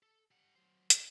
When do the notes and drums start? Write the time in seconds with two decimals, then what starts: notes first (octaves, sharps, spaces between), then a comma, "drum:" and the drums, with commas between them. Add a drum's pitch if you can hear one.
0.03 A4
0.31 G3 F#5
0.56 F#3 C5
0.90 F#4, drum: hi-hat